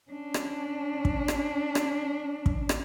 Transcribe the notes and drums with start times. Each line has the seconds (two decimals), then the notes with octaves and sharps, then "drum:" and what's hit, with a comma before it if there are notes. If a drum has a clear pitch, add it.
0.11 C#4 D4
0.34 drum: rim click
1.05 drum: kick
1.28 drum: rim click
1.75 drum: rim click
2.46 drum: kick
2.69 drum: rim click